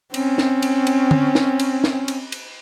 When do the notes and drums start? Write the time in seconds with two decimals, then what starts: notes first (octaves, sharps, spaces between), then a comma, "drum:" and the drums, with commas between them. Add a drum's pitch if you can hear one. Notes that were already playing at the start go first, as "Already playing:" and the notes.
0.14 C4 C#4, drum: cymbal
0.38 drum: snare
0.62 drum: cymbal
0.87 drum: cymbal
1.11 drum: tom D3
1.35 drum: snare
1.59 drum: cymbal
1.84 drum: snare
2.08 drum: cymbal
2.32 drum: cymbal